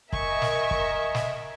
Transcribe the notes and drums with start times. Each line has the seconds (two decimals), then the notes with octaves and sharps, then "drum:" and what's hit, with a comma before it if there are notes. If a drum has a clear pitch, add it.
0.13 A#4 D#5 E5 G#5 C#6, drum: kick
0.42 drum: snare
0.71 drum: kick
1.15 drum: snare